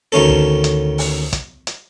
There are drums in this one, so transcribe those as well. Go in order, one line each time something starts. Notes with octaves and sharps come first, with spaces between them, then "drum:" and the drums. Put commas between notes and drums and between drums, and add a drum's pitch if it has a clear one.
D2 D#3 C#4 A4
drum: kick
drum: hi-hat
drum: open hi-hat
drum: kick, hi-hat
drum: hi-hat